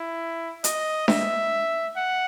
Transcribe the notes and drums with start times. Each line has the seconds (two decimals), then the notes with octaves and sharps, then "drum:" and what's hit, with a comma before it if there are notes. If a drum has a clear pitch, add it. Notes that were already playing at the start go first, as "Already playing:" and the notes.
Already playing: E4
0.64 D#5, drum: hi-hat
1.08 E5, drum: snare D4
1.97 F#5